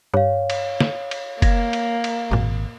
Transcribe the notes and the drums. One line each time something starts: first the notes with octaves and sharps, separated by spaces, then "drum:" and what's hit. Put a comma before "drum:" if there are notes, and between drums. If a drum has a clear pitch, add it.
G2 C#5 F5
drum: cymbal
drum: snare
drum: cymbal
A#3 G#6 A#6, drum: kick F#1, cymbal
drum: cymbal
drum: cymbal
G#1 F#2 A#2